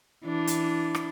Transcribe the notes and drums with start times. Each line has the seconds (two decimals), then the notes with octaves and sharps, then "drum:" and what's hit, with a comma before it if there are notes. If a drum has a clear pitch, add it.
0.24 E3 D4
0.47 drum: hi-hat
0.95 drum: rim click